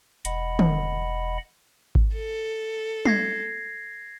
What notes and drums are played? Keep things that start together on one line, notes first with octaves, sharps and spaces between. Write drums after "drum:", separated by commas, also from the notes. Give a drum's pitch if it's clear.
E1 D#5 F#5 B5, drum: hi-hat
drum: tom
drum: kick G#1
A4
G#6 A#6 C7, drum: tom